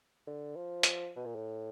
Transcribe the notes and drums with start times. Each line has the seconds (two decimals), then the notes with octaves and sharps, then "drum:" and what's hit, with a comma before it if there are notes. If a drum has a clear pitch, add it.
0.27 D3
0.56 F3
0.83 drum: hi-hat
1.16 B2
1.26 A#2
1.36 A2